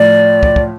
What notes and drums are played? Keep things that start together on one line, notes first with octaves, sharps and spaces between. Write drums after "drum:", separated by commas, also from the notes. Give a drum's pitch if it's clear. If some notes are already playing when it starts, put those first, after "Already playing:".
Already playing: A2 F3 A3 D5
drum: kick
drum: kick